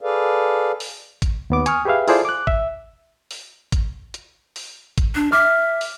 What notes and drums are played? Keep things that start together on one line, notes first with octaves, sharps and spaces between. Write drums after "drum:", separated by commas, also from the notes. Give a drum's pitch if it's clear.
G#4 A4 B4 D5 F5
drum: open hi-hat
drum: kick, hi-hat
D#2 B3 D6
G#5 C#6 D#6 F6, drum: hi-hat
G4 G#4 B4 E5 F5
E4 F4 G#4 A4 C5 D5, drum: open hi-hat
D6 F#6
E5, drum: kick
drum: open hi-hat
drum: kick, hi-hat
drum: hi-hat
drum: open hi-hat
drum: kick, hi-hat
D4
E5 D6 F6
drum: open hi-hat